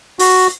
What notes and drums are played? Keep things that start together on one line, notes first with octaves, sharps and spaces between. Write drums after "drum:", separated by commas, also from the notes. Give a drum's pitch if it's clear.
F#4, drum: open hi-hat